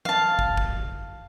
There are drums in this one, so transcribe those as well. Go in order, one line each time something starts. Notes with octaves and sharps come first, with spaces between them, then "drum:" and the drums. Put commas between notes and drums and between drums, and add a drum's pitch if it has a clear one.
F5 A5, drum: tom F3
drum: kick
drum: kick